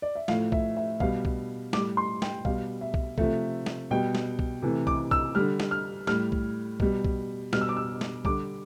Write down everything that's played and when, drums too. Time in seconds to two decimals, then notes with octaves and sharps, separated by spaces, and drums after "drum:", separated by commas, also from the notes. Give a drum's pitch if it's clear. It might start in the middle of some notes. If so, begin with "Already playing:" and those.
0.02 D5
0.15 E5
0.28 A2 F3 A3 F5, drum: snare
0.52 E5, drum: kick B1
0.77 E5
1.00 B2 G3 F5, drum: kick B1
1.25 drum: kick B1
1.73 A2 G3 D6, drum: snare
1.97 C6
2.22 G5, drum: snare
2.45 B2 G3 F5, drum: kick B1
2.81 E5
2.94 drum: kick B1
3.18 C3 F3 A3 E5, drum: kick B1
3.66 drum: snare
3.91 B2 G3 G5
4.15 drum: snare
4.39 drum: kick B1
4.62 C3 E3 A3
4.87 D6, drum: kick B1
5.11 E6, drum: kick B1
5.35 D3 G3 F6
5.60 drum: snare
5.71 F6
6.07 A2 G3 F6, drum: snare
6.32 drum: kick B1
6.80 B2 G3, drum: kick B1
7.05 drum: kick B1
7.53 B2 G3 F6, drum: snare
7.61 E6
7.69 D6
7.77 E6
8.01 drum: snare
8.25 D3 G3 D6, drum: kick B1